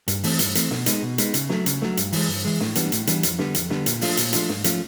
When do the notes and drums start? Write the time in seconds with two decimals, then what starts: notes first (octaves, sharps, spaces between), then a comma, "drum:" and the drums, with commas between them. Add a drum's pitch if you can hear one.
0.08 G2, drum: hi-hat
0.24 E3 A3 C4, drum: open hi-hat
0.39 G2, drum: hi-hat
0.55 E3 A3 C4, drum: hi-hat
0.71 B2, drum: snare
0.86 G#3 B3 D#4, drum: hi-hat
1.03 B2
1.18 G#3 B3 D#4, drum: hi-hat
1.34 C#3, drum: hi-hat
1.49 F#3 A3, drum: snare
1.66 C#3, drum: hi-hat
1.82 F#3 A3, drum: snare
1.97 G2, drum: hi-hat
2.13 E3 G#3, drum: open hi-hat
2.28 G2
2.45 E3 G#3
2.60 A2, drum: snare
2.75 E3 G3 B3 D4, drum: hi-hat
2.92 A2, drum: hi-hat
3.07 E3 G3 B3 D4, drum: hi-hat
3.23 F2, drum: hi-hat
3.39 D3 G3 B3, drum: snare
3.55 F2, drum: hi-hat
3.70 D3 G3 B3, drum: snare
3.86 A#2, drum: hi-hat
4.01 F3 A3 D4 F4, drum: open hi-hat
4.17 A#2, drum: hi-hat
4.33 F3 A3 D4 F4, drum: hi-hat
4.49 G#2, drum: snare
4.64 F3 A3 C#4 F4, drum: hi-hat